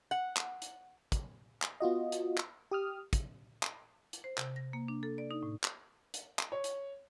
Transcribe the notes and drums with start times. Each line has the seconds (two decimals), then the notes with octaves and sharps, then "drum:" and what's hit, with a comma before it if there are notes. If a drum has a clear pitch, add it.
0.11 F#5
0.37 drum: clap
0.62 drum: hi-hat
1.12 drum: kick, hi-hat
1.62 drum: clap
1.80 B3 F4 F#4 D#5
2.12 drum: hi-hat
2.37 drum: clap
2.71 G4 D#6 F6
3.13 drum: kick, hi-hat
3.63 drum: clap
4.13 drum: hi-hat
4.24 C5
4.38 C3, drum: clap
4.56 A#6
4.73 A#3
4.88 D4
5.03 A4
5.18 D5
5.31 D#4
5.43 A2
5.64 drum: clap
6.14 drum: hi-hat
6.39 drum: clap
6.52 C#5
6.64 drum: hi-hat